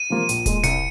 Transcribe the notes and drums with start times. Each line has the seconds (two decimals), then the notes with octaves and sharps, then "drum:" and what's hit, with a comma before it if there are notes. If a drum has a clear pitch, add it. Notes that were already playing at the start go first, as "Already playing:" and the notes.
Already playing: D#7
0.10 C3 F3 A#3 F4
0.29 A#1, drum: hi-hat
0.46 A#2 G#3, drum: kick D#1, hi-hat
0.63 C2 C#7, drum: hi-hat